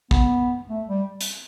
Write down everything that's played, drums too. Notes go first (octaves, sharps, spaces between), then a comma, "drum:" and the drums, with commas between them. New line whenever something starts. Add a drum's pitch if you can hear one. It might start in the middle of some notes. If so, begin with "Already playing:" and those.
B3, drum: kick
A3
G3
drum: hi-hat